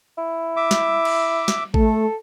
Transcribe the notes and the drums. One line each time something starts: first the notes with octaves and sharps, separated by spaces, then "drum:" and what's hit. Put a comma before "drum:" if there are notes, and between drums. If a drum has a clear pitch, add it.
E4
E5 D6
drum: snare
drum: cymbal
drum: snare
A3 A4, drum: kick A1